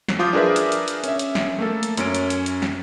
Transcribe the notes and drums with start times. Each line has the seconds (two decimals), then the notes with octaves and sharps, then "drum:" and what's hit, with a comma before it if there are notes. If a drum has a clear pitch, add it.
0.08 drum: snare
0.19 F3 F4 D6 D#6 G6
0.33 D4 G#4 A#4 B4 E5
0.56 drum: hi-hat
0.72 drum: hi-hat
0.88 drum: hi-hat
1.04 C#4 E5, drum: hi-hat
1.19 drum: hi-hat
1.35 drum: snare
1.58 A3 A#3 A4
1.83 drum: hi-hat
1.97 F#2 C#4 D7, drum: hi-hat
2.15 drum: hi-hat
2.30 drum: hi-hat
2.46 drum: hi-hat
2.62 drum: snare